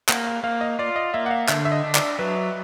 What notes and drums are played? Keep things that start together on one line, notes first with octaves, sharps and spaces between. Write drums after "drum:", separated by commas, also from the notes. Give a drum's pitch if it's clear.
A#3 F#5, drum: clap
F5
A#3 F5
D#5
F4 D5
D#5
A#3 E5
F#5
F5
D3 E5, drum: clap
E5
D#5
D4
D5, drum: clap
F#3 B4